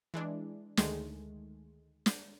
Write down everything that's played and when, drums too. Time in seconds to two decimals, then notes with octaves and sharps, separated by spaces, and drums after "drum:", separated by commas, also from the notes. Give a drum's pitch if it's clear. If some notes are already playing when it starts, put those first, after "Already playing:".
0.14 E3 G#3 D4
0.77 D2 D#3 G#3 A3, drum: snare
2.06 drum: snare